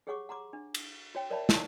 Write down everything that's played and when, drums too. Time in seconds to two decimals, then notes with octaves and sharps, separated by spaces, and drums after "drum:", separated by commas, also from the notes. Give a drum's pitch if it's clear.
0.07 G4 G#4 C#5 F#5 C#6 D6
0.29 F#5 A#5 C6 D6
0.53 D4
0.74 drum: cymbal
1.15 F#4 C#5 G5
1.30 A#4 C#5 D5 E5 A5 B5
1.49 D#4 E4 A5, drum: snare